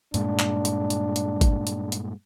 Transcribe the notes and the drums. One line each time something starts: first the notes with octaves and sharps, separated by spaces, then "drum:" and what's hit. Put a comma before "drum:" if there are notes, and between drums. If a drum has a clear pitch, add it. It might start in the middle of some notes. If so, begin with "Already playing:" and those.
G2 A#2 G#3 D4, drum: hi-hat
drum: clap
drum: hi-hat
drum: hi-hat
drum: hi-hat
drum: kick G#1, hi-hat
drum: hi-hat
drum: hi-hat